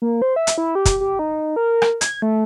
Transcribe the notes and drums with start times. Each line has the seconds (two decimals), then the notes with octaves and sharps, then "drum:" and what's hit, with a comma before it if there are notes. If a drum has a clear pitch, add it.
0.02 A#3
0.22 C5
0.36 E5
0.47 drum: hi-hat
0.58 E4
0.75 G4
0.85 drum: kick, hi-hat
1.01 G4
1.19 D#4
1.56 A#4
1.82 drum: rim click
2.01 G#6, drum: hi-hat
2.22 A3